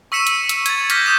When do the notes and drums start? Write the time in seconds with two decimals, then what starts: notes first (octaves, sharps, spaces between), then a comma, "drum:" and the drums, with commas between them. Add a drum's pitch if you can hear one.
0.12 C#6 E6 B6 C#7 D#7 E7
0.27 drum: hi-hat
0.49 E6, drum: hi-hat
0.66 G#6 A6, drum: hi-hat
0.90 D6 F6 G6 A#6 B6, drum: hi-hat
1.06 D#6 G6 B6 E7